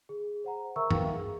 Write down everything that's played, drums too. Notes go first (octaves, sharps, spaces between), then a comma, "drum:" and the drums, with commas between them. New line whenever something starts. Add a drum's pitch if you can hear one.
G#4
C5 F#5 A#5
A#4 E5 A#5 C#6 E6
F#4 A#4 B4 F5 G5, drum: tom G2
G#4